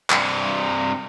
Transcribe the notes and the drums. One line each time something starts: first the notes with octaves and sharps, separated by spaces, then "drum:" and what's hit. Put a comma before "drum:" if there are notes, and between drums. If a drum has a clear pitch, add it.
G2 C3, drum: clap